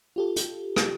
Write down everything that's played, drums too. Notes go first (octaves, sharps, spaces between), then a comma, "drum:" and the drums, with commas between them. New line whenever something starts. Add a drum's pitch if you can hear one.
F4 G4 A4
drum: hi-hat
drum: rim click